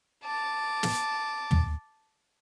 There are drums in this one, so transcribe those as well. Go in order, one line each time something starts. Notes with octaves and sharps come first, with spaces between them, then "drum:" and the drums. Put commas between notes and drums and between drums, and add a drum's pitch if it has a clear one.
A5 D6
drum: snare
drum: tom